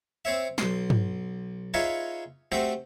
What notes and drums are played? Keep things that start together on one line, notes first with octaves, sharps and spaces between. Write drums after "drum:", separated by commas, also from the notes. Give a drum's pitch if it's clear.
C4 C5 C#5 E5
B1 C6, drum: snare
drum: tom
D#4 F4 G#4 B4 C#5 E5
A3 C4 F#4 G4 C5